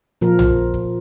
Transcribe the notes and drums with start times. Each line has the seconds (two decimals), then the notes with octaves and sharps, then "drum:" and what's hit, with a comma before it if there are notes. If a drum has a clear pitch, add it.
0.21 A#2 F3 A#4
0.39 drum: tom A#1
0.74 drum: kick